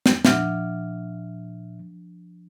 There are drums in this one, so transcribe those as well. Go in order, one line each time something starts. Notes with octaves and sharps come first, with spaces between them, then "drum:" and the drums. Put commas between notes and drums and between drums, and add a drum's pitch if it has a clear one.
drum: snare
A#2 F3 D4 E5 F#5 F6, drum: snare